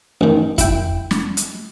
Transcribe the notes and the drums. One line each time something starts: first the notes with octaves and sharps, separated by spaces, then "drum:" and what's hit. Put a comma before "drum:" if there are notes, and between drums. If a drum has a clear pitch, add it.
A1 D#3
E4 G5, drum: kick F2, hi-hat
drum: snare
drum: hi-hat